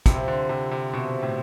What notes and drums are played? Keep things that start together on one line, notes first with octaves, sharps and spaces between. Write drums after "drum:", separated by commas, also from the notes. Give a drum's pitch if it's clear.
C3 F3 C4 E4, drum: kick, hi-hat
D3
C3
C3
B2 F3 C4 E4
A2